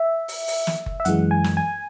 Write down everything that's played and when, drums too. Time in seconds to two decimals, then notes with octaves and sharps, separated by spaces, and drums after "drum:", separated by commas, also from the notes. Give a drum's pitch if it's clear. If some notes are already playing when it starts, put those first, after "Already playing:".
Already playing: E5
0.28 drum: open hi-hat
0.48 drum: open hi-hat
0.67 drum: snare
0.86 drum: kick F#1
1.00 E5
1.05 F#2 E3 G#3 F#5, drum: hi-hat
1.31 G#5
1.44 drum: snare
1.57 G#5